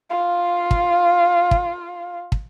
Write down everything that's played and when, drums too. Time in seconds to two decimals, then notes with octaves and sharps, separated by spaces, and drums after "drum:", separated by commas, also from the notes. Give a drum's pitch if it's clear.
0.10 F4 F5
0.71 drum: kick
1.51 drum: kick
2.32 drum: kick